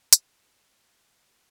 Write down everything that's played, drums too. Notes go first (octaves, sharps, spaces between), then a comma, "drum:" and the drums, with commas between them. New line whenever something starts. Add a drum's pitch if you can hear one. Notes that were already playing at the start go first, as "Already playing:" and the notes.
C#6 F#6 G7, drum: hi-hat
A4
F6 F#6 A6